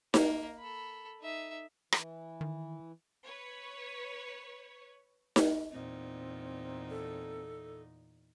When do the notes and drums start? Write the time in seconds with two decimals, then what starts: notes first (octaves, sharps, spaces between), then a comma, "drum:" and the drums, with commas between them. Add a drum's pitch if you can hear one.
0.14 A#3, drum: snare D#4
0.59 A4 B5
1.21 D#4 E5
1.92 E3, drum: rim click
2.41 D#3
3.25 B4 C#5
5.36 drum: snare D#4
5.71 E2 A#2 C4 D#4
6.90 A4